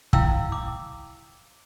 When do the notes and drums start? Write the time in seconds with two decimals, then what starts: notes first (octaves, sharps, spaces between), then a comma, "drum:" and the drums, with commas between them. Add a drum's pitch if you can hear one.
0.13 E4 F5 G5 E6, drum: kick
0.52 D6